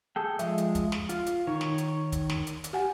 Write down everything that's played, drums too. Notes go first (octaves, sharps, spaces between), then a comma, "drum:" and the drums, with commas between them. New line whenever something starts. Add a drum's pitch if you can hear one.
G#4 A4 G5
F3 G#3 E5, drum: hi-hat
drum: hi-hat
drum: kick, hi-hat
drum: snare
F4, drum: hi-hat
drum: hi-hat
D#3 D#4 C#5
drum: snare
drum: hi-hat
drum: kick, hi-hat
drum: snare
drum: hi-hat
drum: hi-hat
G4 F#5 G#5